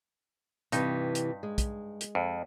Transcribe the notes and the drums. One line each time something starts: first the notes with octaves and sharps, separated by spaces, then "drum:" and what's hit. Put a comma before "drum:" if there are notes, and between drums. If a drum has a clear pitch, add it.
G2 C3 E3 D#4, drum: hi-hat
drum: hi-hat
G#3
drum: kick, hi-hat
drum: hi-hat
F2